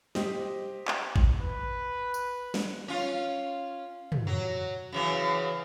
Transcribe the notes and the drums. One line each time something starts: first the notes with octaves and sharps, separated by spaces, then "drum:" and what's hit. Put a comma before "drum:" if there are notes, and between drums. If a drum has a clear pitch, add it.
G4 C5 D#5, drum: snare
drum: clap
drum: kick G#1
B4
drum: tambourine
drum: snare
C#4 F4
drum: tom
F#3
C#3 E3 F#3